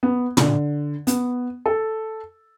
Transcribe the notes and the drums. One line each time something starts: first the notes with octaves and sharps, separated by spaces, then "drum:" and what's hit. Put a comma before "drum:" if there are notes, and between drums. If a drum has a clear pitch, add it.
B3
D3, drum: tom
B3, drum: hi-hat
A4